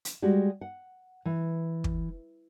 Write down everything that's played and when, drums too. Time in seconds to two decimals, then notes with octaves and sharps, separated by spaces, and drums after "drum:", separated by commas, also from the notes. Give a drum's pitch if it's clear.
0.05 drum: hi-hat
0.22 G3 G#3 F#4 G4
0.61 F#5
1.25 E3
1.84 drum: kick